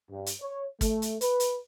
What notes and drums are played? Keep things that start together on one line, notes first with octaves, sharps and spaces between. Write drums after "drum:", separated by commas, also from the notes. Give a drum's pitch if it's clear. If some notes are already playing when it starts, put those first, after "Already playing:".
G2
drum: hi-hat
C#5
A3, drum: kick, hi-hat
drum: hi-hat
B4, drum: hi-hat
drum: hi-hat